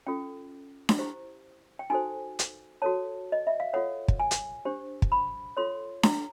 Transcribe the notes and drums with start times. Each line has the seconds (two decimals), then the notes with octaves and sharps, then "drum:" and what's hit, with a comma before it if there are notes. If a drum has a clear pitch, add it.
0.07 C#4 F4 A4 G5
0.89 drum: snare D4
0.99 E4 G4 C5
1.79 G5
1.90 D#4 F#4 A4 C5 G#5
2.39 drum: hi-hat
2.82 F#4 A4 C#5 A5
3.32 D#5
3.47 E5
3.60 F5
3.73 F4 A4 C#5 F#5
4.08 drum: kick
4.20 G#5
4.31 drum: hi-hat
4.65 D4 G4 C5
5.02 drum: kick
5.12 B5
5.57 F4 A4 C#5 C6
6.03 A#5, drum: snare D4